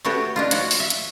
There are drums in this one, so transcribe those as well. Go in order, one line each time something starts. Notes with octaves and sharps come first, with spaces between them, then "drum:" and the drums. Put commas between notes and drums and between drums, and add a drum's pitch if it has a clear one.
A3 B3 F#4 G4 A4 C#5
D4 D#4 F4
F3 F#4 C#5 F#5, drum: hi-hat
drum: open hi-hat
E5
drum: hi-hat